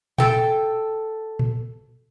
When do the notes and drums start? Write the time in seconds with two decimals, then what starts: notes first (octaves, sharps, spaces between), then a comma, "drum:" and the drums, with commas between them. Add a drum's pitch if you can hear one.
0.18 A4 G5, drum: tom A#2
1.39 drum: tom A#2